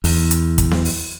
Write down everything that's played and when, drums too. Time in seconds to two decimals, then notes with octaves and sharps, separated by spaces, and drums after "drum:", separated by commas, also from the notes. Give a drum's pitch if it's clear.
0.04 E2, drum: open hi-hat
0.31 drum: hi-hat
0.58 drum: kick, hi-hat
0.71 drum: snare B3
0.85 drum: open hi-hat